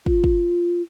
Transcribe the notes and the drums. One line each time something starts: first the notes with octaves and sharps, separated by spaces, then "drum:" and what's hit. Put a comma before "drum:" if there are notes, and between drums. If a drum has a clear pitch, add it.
F4, drum: kick
drum: kick